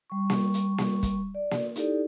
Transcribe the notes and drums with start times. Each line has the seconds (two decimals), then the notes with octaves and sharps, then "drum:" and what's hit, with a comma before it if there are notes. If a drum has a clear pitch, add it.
0.10 G3 C#6
0.30 drum: snare A#3
0.54 drum: hi-hat
0.78 drum: snare A#3
1.03 drum: kick, hi-hat
1.35 D5
1.51 drum: snare A#3
1.76 D#4 E4 G4 A4 D5, drum: hi-hat